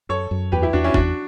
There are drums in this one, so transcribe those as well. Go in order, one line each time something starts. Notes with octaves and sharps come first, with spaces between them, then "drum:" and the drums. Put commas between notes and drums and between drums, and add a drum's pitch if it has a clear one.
F#2 A4 C#5
F#2
E2 G4 B4
E4 G4
E2 D4 F#4
C#4 E4
E2 D4 F#4, drum: kick